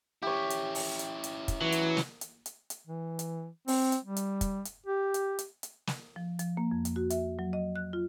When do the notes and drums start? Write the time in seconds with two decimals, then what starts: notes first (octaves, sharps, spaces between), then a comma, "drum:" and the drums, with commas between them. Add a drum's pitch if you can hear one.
0.22 C#4 E4 G4 C#5
0.50 drum: hi-hat
0.75 drum: open hi-hat
0.99 drum: hi-hat
1.24 drum: hi-hat
1.48 drum: kick, hi-hat
1.61 E3 F#3
1.72 drum: hi-hat
1.97 drum: snare
2.21 drum: hi-hat
2.46 drum: hi-hat
2.70 drum: hi-hat
2.87 E3
3.19 drum: hi-hat
3.68 C4, drum: open hi-hat
3.92 drum: hi-hat
4.04 G3
4.17 drum: hi-hat
4.41 drum: kick, hi-hat
4.65 drum: hi-hat
4.87 G4
5.14 drum: hi-hat
5.39 drum: hi-hat
5.63 drum: hi-hat
5.87 drum: snare
6.16 F3
6.39 F3, drum: hi-hat
6.57 A#3
6.71 F2
6.85 drum: hi-hat
6.96 F#4
7.10 E5, drum: hi-hat
7.39 F#3
7.53 D#5
7.76 F#6
7.93 F4